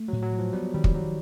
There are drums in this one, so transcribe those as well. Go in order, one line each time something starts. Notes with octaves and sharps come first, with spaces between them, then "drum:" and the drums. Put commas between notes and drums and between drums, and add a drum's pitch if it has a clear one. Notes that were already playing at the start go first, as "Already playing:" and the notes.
Already playing: A3
F#3
A2
F#3
F#3
F3
G3 B3
D#3 G3
drum: kick
F#3 G3